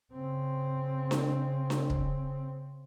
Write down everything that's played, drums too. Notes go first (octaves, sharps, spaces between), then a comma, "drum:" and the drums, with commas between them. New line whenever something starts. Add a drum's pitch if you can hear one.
C#3 C4
drum: snare D4
drum: snare D4
drum: kick